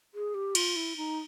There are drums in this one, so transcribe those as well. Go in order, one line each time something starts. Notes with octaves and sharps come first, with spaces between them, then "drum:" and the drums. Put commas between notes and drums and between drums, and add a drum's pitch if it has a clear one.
G#4
G4
F4, drum: cymbal
E4
D#4